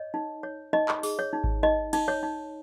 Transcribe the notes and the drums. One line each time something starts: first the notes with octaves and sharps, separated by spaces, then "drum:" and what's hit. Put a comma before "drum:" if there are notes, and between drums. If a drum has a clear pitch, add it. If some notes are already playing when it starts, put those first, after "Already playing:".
Already playing: C#5 D#5
D#4
C#5
D#4 D#5
drum: clap
G#4, drum: open hi-hat
C#5
D#4
drum: kick G#1
D#4 D#5
D#4, drum: cymbal
C#5
D#4